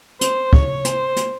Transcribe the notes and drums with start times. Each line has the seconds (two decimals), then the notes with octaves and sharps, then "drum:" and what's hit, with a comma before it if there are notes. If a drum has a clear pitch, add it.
0.21 C5, drum: hi-hat
0.53 C#5, drum: kick
0.85 C5, drum: hi-hat
1.16 drum: hi-hat